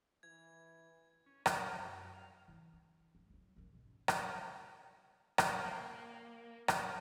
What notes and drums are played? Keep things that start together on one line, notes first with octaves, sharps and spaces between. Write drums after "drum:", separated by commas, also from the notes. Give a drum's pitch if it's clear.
E3 G#6
C#4
A#4, drum: rim click
F#2
F5
E3
D4
F3
F#3 E4
D#3 C#4
G#2 B2
drum: rim click
drum: rim click
A#3
drum: rim click